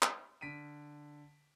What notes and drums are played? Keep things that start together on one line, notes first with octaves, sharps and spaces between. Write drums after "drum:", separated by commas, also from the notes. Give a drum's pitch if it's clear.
drum: clap
D3 B6 D7 D#7